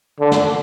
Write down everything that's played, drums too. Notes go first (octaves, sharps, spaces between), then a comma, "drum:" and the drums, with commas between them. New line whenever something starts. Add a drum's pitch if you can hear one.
D3
drum: snare